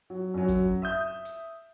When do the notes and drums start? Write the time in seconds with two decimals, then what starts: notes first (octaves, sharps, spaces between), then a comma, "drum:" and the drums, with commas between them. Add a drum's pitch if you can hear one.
0.10 F#3
0.34 F#2 F#3
0.48 drum: kick, hi-hat
0.82 E5 D#6 G6
1.25 drum: hi-hat